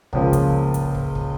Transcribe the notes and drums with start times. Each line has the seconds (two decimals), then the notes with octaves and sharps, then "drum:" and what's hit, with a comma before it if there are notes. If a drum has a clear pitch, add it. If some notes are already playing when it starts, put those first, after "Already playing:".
0.13 C#2 C#3 F3 A#3, drum: kick
0.33 drum: kick, hi-hat
0.74 drum: kick, hi-hat
0.95 drum: kick
1.15 drum: kick